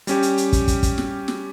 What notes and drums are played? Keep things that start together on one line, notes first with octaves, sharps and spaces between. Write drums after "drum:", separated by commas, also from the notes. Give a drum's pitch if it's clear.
G3 C#4 G4, drum: hi-hat
drum: hi-hat
drum: hi-hat
drum: kick, hi-hat
drum: kick, hi-hat
drum: kick, hi-hat
drum: snare
drum: snare